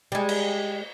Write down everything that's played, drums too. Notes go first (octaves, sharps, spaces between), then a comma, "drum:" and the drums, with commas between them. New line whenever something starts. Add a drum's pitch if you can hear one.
G3 G#3
drum: cymbal